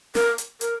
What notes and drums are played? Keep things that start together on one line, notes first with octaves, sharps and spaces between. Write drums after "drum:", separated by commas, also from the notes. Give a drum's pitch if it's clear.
A#4, drum: snare
drum: hi-hat
A#4, drum: hi-hat